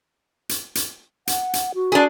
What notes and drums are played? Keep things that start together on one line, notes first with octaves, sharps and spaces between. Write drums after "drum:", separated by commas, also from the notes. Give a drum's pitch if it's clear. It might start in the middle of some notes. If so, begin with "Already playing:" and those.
drum: hi-hat
drum: hi-hat
F#5, drum: hi-hat
drum: hi-hat
F#4
D4 G#4